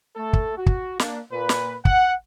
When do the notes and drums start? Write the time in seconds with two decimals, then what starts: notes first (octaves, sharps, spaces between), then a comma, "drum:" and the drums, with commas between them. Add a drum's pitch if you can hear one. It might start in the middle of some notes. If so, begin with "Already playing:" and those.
0.16 A3 A4
0.33 drum: kick
0.57 F#4
0.66 drum: kick
0.99 A#3 D4, drum: snare
1.32 A#2 B4
1.49 drum: snare
1.85 F#5, drum: kick